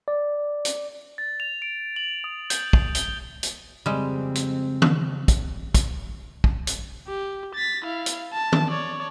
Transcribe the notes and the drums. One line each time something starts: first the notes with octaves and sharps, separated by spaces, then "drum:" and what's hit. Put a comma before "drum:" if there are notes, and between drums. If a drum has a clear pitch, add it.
D5
drum: hi-hat
A6
F7
D7
F#7
D#6
G6, drum: hi-hat
drum: kick
G7, drum: hi-hat
drum: hi-hat
F2 C#3 G3 G#3 C4
drum: hi-hat
drum: tom D#3
drum: kick, hi-hat
drum: kick, hi-hat
drum: kick
drum: hi-hat
G4
A6 B6
E4 F5
drum: hi-hat
A5
drum: tom D#3
C#5 D5